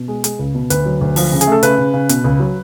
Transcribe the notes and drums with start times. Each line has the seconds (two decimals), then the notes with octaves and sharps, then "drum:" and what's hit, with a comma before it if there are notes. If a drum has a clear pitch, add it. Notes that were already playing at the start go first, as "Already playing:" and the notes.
Already playing: B2
0.08 G#3
0.24 G#3, drum: hi-hat
0.39 C#2
0.55 B2
0.70 D2 B4, drum: hi-hat
0.86 F#3
1.01 D2
1.16 F3, drum: open hi-hat
1.32 C#3
1.41 G#4, drum: hi-hat
1.47 A3 A4
1.63 C#3 B4, drum: hi-hat
1.78 C#3
1.93 C#3
2.09 B2, drum: hi-hat
2.24 C#2
2.40 F#3